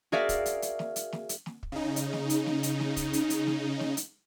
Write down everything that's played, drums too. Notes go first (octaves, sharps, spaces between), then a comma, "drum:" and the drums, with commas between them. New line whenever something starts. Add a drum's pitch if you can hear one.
F#4 G#4 A#4 D5 E5 F5, drum: snare
drum: kick, hi-hat
drum: hi-hat
drum: hi-hat
drum: snare
drum: hi-hat
drum: snare
drum: hi-hat
drum: snare
drum: kick
C#3 D#4
drum: hi-hat
drum: snare
drum: hi-hat
drum: snare
drum: hi-hat
drum: snare
drum: kick, hi-hat
drum: hi-hat
drum: hi-hat
drum: snare
drum: snare
drum: hi-hat